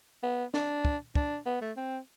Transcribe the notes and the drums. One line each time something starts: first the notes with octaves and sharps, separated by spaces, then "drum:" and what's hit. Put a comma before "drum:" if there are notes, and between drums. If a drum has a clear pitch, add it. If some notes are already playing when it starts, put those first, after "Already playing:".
B3
D4, drum: snare
drum: kick
D4, drum: kick
B3
A3
C4